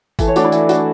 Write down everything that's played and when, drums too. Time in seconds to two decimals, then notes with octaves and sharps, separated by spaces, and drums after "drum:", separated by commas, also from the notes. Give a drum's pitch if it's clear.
0.19 E3 A4, drum: kick G1, tambourine
0.28 C#5
0.36 A3 D4 F#4 D5, drum: tambourine
0.44 E4
0.52 E3, drum: tambourine
0.69 A3 D4 F#4, drum: tambourine